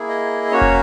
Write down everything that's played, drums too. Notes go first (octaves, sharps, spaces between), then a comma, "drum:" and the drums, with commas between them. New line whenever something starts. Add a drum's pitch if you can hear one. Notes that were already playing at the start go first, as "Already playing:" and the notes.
Already playing: A#3 E4 G#4
D#5
A#3 C#4 F#4 C#5
drum: kick